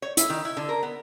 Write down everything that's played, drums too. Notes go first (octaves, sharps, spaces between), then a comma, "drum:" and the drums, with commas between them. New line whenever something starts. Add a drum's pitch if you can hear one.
C#5
E4, drum: hi-hat
D#3
E4
D3
A#4
B3